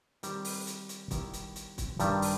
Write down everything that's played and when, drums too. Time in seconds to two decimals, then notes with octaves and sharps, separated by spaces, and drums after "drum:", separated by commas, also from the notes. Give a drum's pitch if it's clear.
0.23 D#3 G3 C4, drum: hi-hat
0.45 drum: open hi-hat
0.67 drum: hi-hat
0.89 drum: hi-hat
1.11 D#3 G3 B3 E4, drum: kick, hi-hat
1.33 drum: hi-hat
1.56 drum: hi-hat
1.78 drum: kick, hi-hat
2.00 G2 D#3 G3, drum: hi-hat
2.22 drum: open hi-hat